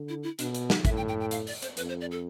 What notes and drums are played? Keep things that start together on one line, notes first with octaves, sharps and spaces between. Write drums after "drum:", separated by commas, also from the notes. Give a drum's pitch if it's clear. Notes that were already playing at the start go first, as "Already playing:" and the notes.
Already playing: D3
E4
E4
B2 D4, drum: hi-hat
drum: hi-hat
G4, drum: snare
A2 E5, drum: kick, hi-hat
G5
G5
G5
F5, drum: hi-hat
D5, drum: open hi-hat
C5, drum: hi-hat
F2 B4, drum: hi-hat
C5
D5
A4